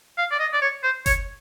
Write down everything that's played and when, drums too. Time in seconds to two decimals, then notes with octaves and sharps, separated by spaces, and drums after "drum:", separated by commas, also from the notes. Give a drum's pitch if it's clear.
0.18 F5
0.31 D5
0.39 D#5
0.53 D5
0.61 C#5
0.83 C5
1.06 C#5, drum: kick F#1, hi-hat